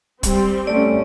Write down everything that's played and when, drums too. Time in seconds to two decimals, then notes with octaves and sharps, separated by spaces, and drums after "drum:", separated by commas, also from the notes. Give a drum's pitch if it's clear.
0.23 G3 C4, drum: kick, hi-hat
0.67 A3 C#4 D5